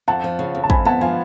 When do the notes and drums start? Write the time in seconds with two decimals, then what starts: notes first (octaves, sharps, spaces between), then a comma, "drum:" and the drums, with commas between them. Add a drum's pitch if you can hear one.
0.08 F2 F#5 A5
0.24 F3
0.39 C#3
0.55 F2
0.64 A5
0.70 F2 G#5 B5, drum: kick
0.85 B3 F#5 A5
1.01 F3 F5 G#5